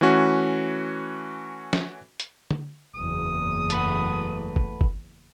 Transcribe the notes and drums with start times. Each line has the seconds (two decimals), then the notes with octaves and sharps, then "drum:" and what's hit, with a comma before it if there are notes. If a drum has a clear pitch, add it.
0.01 E3 A3 C#4 F#4 B4
1.73 drum: snare
2.20 drum: hi-hat
2.51 drum: tom D3
2.95 F#1 E2 D#6
3.70 A3 B4 F#5, drum: hi-hat
4.56 drum: kick
4.81 drum: kick